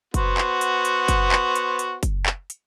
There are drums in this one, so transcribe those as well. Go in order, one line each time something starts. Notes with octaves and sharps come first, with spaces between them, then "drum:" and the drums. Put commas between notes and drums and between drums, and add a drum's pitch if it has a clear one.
B3 F#4 C5, drum: kick F#1, hi-hat
drum: clap
drum: hi-hat
drum: hi-hat
drum: kick F#1, hi-hat
drum: clap
drum: hi-hat
drum: hi-hat
drum: kick F#1, hi-hat
drum: clap
drum: hi-hat